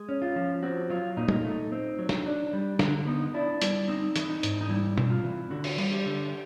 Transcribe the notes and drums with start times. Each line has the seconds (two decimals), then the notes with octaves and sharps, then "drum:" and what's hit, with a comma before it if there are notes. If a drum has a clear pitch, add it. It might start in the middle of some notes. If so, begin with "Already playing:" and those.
Already playing: G#3
0.09 C#4
0.22 F4
0.36 F3
0.63 C4 F#4
0.90 F#3 F4
1.17 A#2 D#4
1.28 drum: tom
1.45 A3
1.72 C4
1.99 F#3
2.09 drum: snare
2.26 D4
2.53 G3
2.79 D3, drum: snare
3.07 B3 D#4
3.34 D4 E4
3.62 G3 E4, drum: hi-hat
3.88 C4 D#4
4.16 E3, drum: hi-hat
4.29 D#4
4.43 G#2, drum: hi-hat
4.61 D#4
4.70 G3 E4
4.98 C4, drum: tom
5.10 F4
5.24 E3
5.51 D3 F#4
5.64 drum: cymbal
5.78 G3, drum: cymbal
5.92 G4
6.06 D3